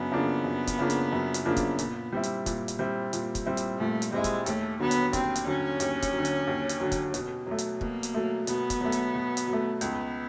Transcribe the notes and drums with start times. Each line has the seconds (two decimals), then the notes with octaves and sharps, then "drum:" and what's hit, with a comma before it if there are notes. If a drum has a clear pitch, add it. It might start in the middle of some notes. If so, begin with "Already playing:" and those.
Already playing: F#2 C#3 B3 D4
0.12 C#3 F3 A#3 D4
0.44 F#2
0.67 drum: kick, hi-hat
0.79 C#3 F3 A#3 D4
0.90 drum: hi-hat
1.13 F#2
1.34 drum: hi-hat
1.46 C#3 F3 A#3 D4
1.56 drum: kick, hi-hat
1.79 A#2, drum: hi-hat
2.12 G3 C4 E4
2.23 drum: hi-hat
2.46 A#2, drum: kick, hi-hat
2.68 drum: hi-hat
2.79 G3 C4 E4
3.13 A#2, drum: hi-hat
3.35 drum: kick, hi-hat
3.46 G3 C4 E4
3.57 drum: hi-hat
3.79 A#2 A3
4.02 drum: hi-hat
4.12 G3 G#3 C4 E4
4.24 drum: kick, hi-hat
4.46 D#2 A3, drum: hi-hat
4.80 D3 F#3 B3
4.91 drum: hi-hat
5.13 D#2 C4, drum: kick, hi-hat
5.35 drum: hi-hat
5.47 D3 F#3 C#4
5.80 D#2, drum: hi-hat
6.02 drum: kick, hi-hat
6.13 D3 F#3
6.25 drum: hi-hat
6.48 D#2
6.69 drum: hi-hat
6.80 D3 F#3
6.92 drum: kick, hi-hat
7.14 B2, drum: hi-hat
7.47 F#3 A3
7.58 drum: hi-hat
7.81 B2 A#3, drum: kick
8.03 drum: hi-hat
8.14 F#3 A3
8.47 B2 B3, drum: hi-hat
8.70 drum: kick, hi-hat
8.81 F#3 A3
8.92 drum: hi-hat
9.15 B2
9.37 drum: hi-hat
9.47 F#3
9.53 A3
9.81 C#2 B3, drum: hi-hat